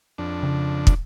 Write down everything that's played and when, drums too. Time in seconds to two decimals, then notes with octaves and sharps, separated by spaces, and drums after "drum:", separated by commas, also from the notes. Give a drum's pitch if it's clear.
0.18 F2 D4
0.43 C#3
0.87 drum: kick